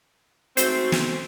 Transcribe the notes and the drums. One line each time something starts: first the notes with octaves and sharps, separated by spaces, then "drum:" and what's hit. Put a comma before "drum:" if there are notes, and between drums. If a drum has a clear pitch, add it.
G#2 A3 C4 F#4 C5, drum: hi-hat
drum: snare